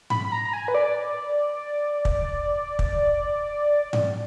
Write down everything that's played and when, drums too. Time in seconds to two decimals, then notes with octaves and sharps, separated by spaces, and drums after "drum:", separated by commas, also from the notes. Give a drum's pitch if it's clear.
0.10 B5, drum: tom G#2
0.25 B5
0.32 A#5
0.45 A#5
0.53 G#5
0.68 B4
0.74 D5
2.05 drum: kick
2.79 drum: kick
3.93 drum: tom G#2